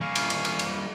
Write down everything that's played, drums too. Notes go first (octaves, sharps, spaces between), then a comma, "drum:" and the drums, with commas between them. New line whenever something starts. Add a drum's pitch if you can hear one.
G3 A#3 F5 G#5 C#6
drum: cymbal
drum: cymbal
drum: cymbal
drum: cymbal